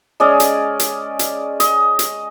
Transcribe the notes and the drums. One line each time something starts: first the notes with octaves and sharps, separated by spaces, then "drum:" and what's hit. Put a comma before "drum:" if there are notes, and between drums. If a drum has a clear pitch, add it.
G#3 C#4 D5 D#5
drum: hi-hat
drum: hi-hat
drum: hi-hat
D#5, drum: hi-hat
drum: hi-hat